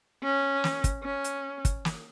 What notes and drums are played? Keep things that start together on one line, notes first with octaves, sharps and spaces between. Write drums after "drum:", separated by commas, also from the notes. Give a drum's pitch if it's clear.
C#4
drum: snare
drum: kick, hi-hat
C#4
drum: hi-hat
drum: kick, hi-hat
drum: snare